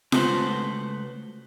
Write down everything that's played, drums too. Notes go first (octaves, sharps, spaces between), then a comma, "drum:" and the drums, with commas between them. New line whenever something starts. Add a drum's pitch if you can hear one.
C#3 G#3 A3 F#4 B4 C5, drum: snare F4